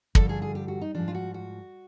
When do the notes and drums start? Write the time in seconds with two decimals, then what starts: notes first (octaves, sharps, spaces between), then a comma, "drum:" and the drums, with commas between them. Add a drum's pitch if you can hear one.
0.15 G2 D3 F3 A4, drum: kick
0.29 G#4
0.42 G#4
0.55 G4
0.68 F#4
0.81 D#4
0.95 G#2 F3 D4
1.08 F4
1.14 F#4
1.34 F#4